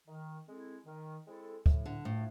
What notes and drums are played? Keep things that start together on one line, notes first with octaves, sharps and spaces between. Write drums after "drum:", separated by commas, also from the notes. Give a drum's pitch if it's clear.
D#3
G#3 C4 E4 A4
D#3
G#3 C4 E4 A4
A2, drum: kick
D3
A2 F3 A3 D4